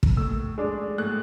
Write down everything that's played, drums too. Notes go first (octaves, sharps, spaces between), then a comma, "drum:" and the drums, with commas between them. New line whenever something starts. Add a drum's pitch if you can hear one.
drum: kick
A2 E6
G#3 D4
A2 F#6